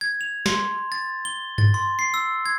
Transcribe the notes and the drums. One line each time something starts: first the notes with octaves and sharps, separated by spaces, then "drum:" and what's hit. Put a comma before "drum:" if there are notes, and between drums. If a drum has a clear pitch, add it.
G#6
F7
C6, drum: snare
A6
G7
A6, drum: tom G2
C6
C7
E6
G#6